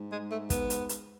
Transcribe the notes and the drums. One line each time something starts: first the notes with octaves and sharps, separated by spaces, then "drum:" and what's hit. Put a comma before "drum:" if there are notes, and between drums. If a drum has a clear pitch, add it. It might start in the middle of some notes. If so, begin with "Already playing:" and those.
Already playing: G#2
G#3
A3
B3, drum: kick, hi-hat
drum: hi-hat
drum: hi-hat